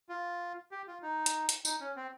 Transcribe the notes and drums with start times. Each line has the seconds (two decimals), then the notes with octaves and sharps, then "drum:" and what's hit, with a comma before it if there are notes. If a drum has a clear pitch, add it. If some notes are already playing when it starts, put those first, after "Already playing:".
0.09 F4
0.71 G4
0.87 F4
1.02 D#4
1.26 drum: hi-hat
1.49 drum: hi-hat
1.65 D#4, drum: tambourine
1.81 C#4
1.96 C4